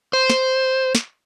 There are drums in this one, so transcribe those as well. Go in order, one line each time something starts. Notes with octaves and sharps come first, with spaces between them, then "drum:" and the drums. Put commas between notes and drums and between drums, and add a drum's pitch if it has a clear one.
C5
drum: snare
drum: snare